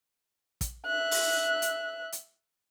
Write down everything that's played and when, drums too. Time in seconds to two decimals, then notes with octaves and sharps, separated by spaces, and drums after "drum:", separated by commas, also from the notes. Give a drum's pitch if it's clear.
0.61 drum: kick, hi-hat
0.86 E5 F#6
1.11 drum: open hi-hat
1.62 drum: hi-hat
2.12 drum: hi-hat